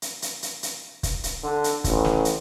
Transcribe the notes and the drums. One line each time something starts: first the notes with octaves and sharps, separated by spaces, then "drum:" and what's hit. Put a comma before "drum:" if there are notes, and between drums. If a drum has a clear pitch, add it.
drum: hi-hat
drum: hi-hat
drum: hi-hat
drum: hi-hat
drum: kick, hi-hat
drum: hi-hat
D3
drum: hi-hat
A1, drum: kick, hi-hat
drum: snare
drum: hi-hat